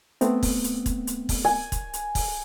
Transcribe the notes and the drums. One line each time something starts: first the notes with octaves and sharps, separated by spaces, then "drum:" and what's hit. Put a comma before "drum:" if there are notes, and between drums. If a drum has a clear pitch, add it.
A3 B3 C4, drum: hi-hat
drum: kick, open hi-hat
drum: hi-hat
drum: kick, hi-hat
drum: hi-hat
drum: kick, open hi-hat
G#5
drum: kick, hi-hat
drum: hi-hat
drum: kick, open hi-hat